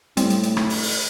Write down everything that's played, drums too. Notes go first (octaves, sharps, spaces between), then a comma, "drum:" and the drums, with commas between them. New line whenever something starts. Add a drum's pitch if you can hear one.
A2 G3 C4, drum: hi-hat
drum: hi-hat
drum: hi-hat
drum: rim click
drum: open hi-hat
drum: open hi-hat